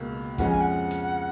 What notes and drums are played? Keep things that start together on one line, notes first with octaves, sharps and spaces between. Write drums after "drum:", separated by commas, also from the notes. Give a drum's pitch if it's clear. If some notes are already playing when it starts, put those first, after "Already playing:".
Already playing: C#2 B2 A#3
F2 F3 G#3 C#4 F#5, drum: kick, hi-hat
G#5
F#5
drum: hi-hat